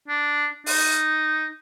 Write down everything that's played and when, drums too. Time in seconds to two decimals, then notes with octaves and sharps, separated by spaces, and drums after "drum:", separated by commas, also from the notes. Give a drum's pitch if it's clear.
0.08 D4
0.66 D#4, drum: open hi-hat